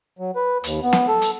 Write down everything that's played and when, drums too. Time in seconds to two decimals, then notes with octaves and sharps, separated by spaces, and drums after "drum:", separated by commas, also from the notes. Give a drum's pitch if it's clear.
0.19 F#3
0.36 B4
0.64 D#2, drum: hi-hat
0.83 B3
0.93 drum: snare
1.08 A4
1.22 drum: hi-hat